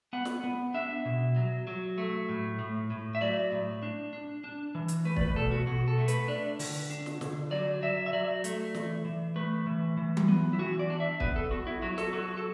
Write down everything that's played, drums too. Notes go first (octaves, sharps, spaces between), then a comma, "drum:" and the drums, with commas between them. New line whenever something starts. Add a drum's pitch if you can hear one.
B3 F#5
drum: snare
B3
D4 E5
B2
F#3
F#3
A3
A2
A2
A2
E5
F#3 D5
A2
D4
D4
D4
E3
drum: hi-hat
A3 B4
D5, drum: kick
B4
B2 A4
F#4
B2 F#4
A4
A3
B4, drum: hi-hat
D4 D5
D3, drum: open hi-hat
D4
drum: snare
D3, drum: snare
F#3 D5
F#3 E5
E5
F#3 D5
A3, drum: hi-hat
E3, drum: snare
E3
A3 B4
E3
E3
drum: tom F#3
B3
E4
E3 F#4
D5
D4
E5
B3 B4, drum: kick
A4
B3 F#4
E4
F#3 F#4
A4, drum: snare
F#3 F#4
F#4
A4